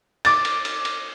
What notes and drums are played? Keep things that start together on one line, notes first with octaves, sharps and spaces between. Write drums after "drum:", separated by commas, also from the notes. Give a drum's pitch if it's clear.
D6 A6, drum: cymbal
drum: cymbal
drum: cymbal
drum: cymbal